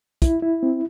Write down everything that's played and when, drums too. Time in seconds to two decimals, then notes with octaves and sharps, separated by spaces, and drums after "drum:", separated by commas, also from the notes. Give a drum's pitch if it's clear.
0.22 E4, drum: kick, hi-hat
0.43 E4
0.63 C4